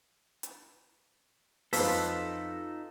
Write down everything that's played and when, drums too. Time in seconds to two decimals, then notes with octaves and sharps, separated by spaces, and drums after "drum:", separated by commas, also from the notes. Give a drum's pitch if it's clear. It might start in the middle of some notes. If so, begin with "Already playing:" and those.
0.43 drum: hi-hat
1.73 F2 D#4 F4 A4 B4 B6, drum: open hi-hat